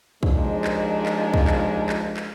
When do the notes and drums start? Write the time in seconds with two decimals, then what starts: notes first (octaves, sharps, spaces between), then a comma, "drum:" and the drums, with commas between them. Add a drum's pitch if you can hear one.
0.23 D#2 F3 G#3 D4 D#4, drum: kick
0.64 drum: clap
1.06 drum: clap
1.34 drum: kick
1.47 drum: clap
1.89 drum: clap
2.17 drum: clap